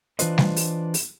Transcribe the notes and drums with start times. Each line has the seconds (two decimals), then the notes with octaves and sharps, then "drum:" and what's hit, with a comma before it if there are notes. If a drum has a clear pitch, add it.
0.19 E3 D4 F4 B4 C5 D#5, drum: hi-hat
0.38 drum: snare
0.56 drum: open hi-hat
0.94 drum: open hi-hat